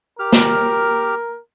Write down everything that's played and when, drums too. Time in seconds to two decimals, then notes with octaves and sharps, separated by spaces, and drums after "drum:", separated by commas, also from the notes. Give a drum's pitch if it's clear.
0.19 G4 A#4 F6
0.32 drum: snare